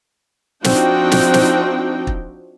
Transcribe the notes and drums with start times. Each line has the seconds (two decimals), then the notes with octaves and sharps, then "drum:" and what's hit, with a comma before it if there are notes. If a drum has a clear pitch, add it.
0.64 F3 C4 D4 D#4 F#4 G5, drum: snare
1.12 drum: snare
1.34 drum: snare
2.07 drum: kick